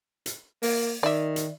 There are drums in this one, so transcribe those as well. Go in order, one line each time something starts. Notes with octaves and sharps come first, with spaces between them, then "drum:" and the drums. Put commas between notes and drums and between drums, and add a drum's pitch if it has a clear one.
drum: hi-hat
A#3, drum: open hi-hat
D#3 D5 E5
drum: hi-hat